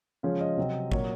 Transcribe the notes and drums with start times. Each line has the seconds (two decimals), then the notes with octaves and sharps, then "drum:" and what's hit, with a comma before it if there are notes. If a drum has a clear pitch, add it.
0.23 C#3 F3 G#3 C#4 F5
0.41 D#5
0.57 C3 F#3 C4
0.92 A#2 F#3 A#3 C#5, drum: kick